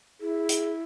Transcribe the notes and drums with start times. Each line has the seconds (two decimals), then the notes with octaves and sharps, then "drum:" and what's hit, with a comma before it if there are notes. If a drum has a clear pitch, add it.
0.21 E4 G#4
0.49 drum: hi-hat